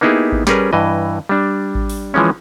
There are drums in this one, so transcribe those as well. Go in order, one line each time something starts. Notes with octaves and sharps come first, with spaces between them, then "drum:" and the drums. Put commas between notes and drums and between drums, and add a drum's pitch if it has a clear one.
A#3 B3 D#4 E4 G4 G#4
drum: kick G#1
G3 C#4 G#4 A#4 B4, drum: snare
G2 E3 D#5
G3 D4
drum: kick G#1
drum: open hi-hat
E3 F3 G#3 C#4